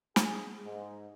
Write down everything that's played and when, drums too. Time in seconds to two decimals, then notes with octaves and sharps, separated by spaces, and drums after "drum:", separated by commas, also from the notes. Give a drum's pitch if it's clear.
0.16 G#4, drum: snare
0.65 G#2